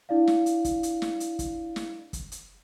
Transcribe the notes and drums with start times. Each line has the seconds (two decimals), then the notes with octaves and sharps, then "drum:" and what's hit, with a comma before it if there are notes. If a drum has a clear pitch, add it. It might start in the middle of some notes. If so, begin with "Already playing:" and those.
0.09 D4 E4 D5 F5
0.27 drum: snare
0.46 drum: hi-hat
0.65 drum: kick, hi-hat
0.83 drum: hi-hat
1.02 drum: snare
1.20 drum: hi-hat
1.39 drum: kick, hi-hat
1.76 drum: snare
2.13 drum: kick, hi-hat
2.32 drum: hi-hat